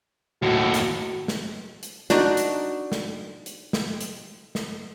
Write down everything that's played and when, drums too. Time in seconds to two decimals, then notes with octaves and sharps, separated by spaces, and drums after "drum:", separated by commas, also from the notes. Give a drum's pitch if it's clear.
0.42 D#2 A2 F#4
0.74 drum: hi-hat
1.28 drum: snare
1.83 drum: hi-hat
2.10 D4 D#4 F#4 A#4, drum: snare
2.37 drum: hi-hat
2.92 drum: snare
3.46 drum: hi-hat
3.73 drum: snare
4.01 drum: hi-hat
4.55 drum: snare